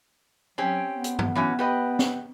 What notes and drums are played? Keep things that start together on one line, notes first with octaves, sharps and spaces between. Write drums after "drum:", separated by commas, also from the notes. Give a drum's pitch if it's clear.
F#3 C4 C#4 G4
B3
drum: hi-hat
drum: tom
E3 F#3 C#4
G4 B4 D#5
drum: snare